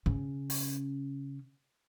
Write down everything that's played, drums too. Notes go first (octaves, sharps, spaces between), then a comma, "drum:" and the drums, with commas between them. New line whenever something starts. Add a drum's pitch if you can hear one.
C#3 C#4
drum: open hi-hat